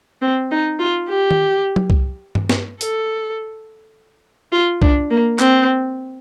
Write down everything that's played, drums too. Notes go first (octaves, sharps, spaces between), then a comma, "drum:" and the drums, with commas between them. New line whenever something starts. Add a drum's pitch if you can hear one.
C4
D#4
F4
G4
drum: tom D#3
drum: tom F#3
drum: kick C2
drum: tom G2
drum: snare
A4, drum: hi-hat
F4
D4, drum: kick C2
A#3
C4, drum: clap